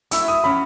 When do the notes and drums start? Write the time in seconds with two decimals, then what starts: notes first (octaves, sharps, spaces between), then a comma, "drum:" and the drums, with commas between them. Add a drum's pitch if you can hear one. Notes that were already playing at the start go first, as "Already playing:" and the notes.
0.11 F#3 A3 E4 E6, drum: hi-hat
0.28 D#6
0.44 A2 F#3 C#4 B5